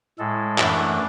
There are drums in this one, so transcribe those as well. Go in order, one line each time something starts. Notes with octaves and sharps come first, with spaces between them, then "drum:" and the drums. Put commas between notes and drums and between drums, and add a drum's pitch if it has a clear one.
A2 G#3 A4
F#2 E3 A3 D4, drum: clap